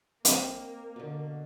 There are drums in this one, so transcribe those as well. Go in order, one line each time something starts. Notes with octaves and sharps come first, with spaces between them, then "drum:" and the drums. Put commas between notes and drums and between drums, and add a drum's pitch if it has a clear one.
A#3 C4 D#5 G5, drum: hi-hat
B2 D3